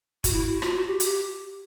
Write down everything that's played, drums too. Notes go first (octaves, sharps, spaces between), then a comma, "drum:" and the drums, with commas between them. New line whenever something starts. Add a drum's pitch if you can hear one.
F#4, drum: kick, hi-hat
E4
F#4
F4, drum: rim click
F#4
G4
G4, drum: hi-hat